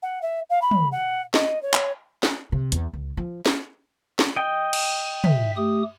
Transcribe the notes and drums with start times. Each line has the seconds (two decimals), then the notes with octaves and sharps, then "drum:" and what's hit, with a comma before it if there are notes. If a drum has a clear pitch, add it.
0.03 F#5
0.22 E5
0.50 F5
0.62 B5
0.71 drum: tom
0.92 F#5
1.34 D#5, drum: snare
1.62 C#5
1.74 drum: clap
2.23 drum: snare
2.52 C3
2.72 E2, drum: hi-hat
2.93 C#2
3.17 F3
3.46 drum: snare
4.19 drum: snare
4.36 D#5 G5
4.73 drum: cymbal
5.24 E5, drum: tom
5.57 A3 G4 D#6